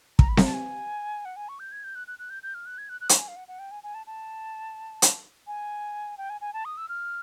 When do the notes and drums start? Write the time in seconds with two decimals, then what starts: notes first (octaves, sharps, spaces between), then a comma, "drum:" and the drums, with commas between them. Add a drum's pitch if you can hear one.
0.19 A#5, drum: kick
0.29 B5
0.37 A#5, drum: snare C4
0.46 A5
0.54 G#5
1.25 F#5
1.36 G#5
1.49 C#6
1.60 G6
1.72 G#6
1.84 G6
1.95 F#6
2.07 F#6
2.19 F#6
2.30 G6
2.43 G6
2.54 F6
2.66 F#6
2.78 G#6
2.89 F#6
3.01 F#6
3.09 C#6, drum: hi-hat
3.18 G#5
3.28 F5
3.36 F#5
3.48 F#5
3.59 G5
3.71 G#5
3.83 G#5
3.94 A5
4.07 A5
5.02 drum: hi-hat
5.47 G#5
6.18 G5
6.30 G#5
6.41 G#5
6.53 A5
6.65 D#6
6.77 E6
6.89 F6